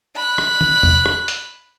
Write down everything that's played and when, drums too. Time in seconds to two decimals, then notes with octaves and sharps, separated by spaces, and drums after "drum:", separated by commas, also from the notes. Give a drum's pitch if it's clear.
0.16 B5 F#6
0.38 drum: rim click
0.61 drum: tom
0.83 drum: tom
1.06 drum: rim click
1.28 drum: hi-hat